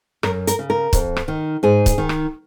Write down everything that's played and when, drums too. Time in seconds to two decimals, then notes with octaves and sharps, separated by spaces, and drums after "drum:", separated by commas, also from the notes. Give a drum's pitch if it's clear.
0.23 F#2 A#4, drum: rim click
0.47 A#4, drum: hi-hat
0.59 C#3
0.70 A#4
0.93 F2, drum: kick, hi-hat
1.16 drum: rim click
1.28 D#3
1.63 G#2 G#4
1.86 drum: kick, hi-hat
1.98 D#3
2.09 drum: rim click